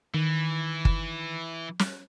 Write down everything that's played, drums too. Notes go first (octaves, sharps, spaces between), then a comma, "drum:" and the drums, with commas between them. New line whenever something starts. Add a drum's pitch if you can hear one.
D#3 E3
drum: kick
drum: snare